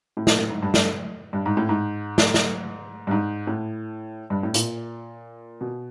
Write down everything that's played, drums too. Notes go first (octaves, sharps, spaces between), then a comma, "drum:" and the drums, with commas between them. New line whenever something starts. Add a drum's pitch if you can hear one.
A2
A#2, drum: snare
A2
G#2
G2
G2, drum: snare
G2
G#2
A2
G#2
drum: snare
drum: snare
G2
G#2
A2
G2
A2
A#2, drum: hi-hat
B2